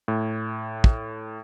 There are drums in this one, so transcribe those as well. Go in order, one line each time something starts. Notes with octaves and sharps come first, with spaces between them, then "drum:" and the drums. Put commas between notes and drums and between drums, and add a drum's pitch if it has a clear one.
A2
drum: kick